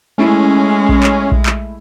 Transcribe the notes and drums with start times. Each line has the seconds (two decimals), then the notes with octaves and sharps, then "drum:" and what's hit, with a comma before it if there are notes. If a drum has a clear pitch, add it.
0.18 G#3 A3 C#4 E4
0.89 drum: kick A#1
1.03 drum: clap
1.32 drum: kick A#1
1.46 drum: clap